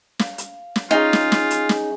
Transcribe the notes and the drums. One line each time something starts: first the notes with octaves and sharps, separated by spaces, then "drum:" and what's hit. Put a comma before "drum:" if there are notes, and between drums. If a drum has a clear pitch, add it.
F5, drum: snare
drum: hi-hat
drum: snare
C#4 D#4 F4 G#4
drum: snare
drum: snare
drum: hi-hat
drum: snare